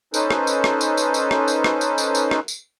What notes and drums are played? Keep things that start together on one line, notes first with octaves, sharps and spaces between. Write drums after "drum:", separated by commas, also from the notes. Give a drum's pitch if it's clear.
C#4 D#4 A4 B4 C5, drum: tambourine
drum: rim click
drum: tambourine
drum: rim click
drum: tambourine
drum: tambourine
drum: tambourine
drum: rim click
drum: tambourine
drum: rim click
drum: tambourine
drum: tambourine
drum: tambourine
drum: rim click
drum: tambourine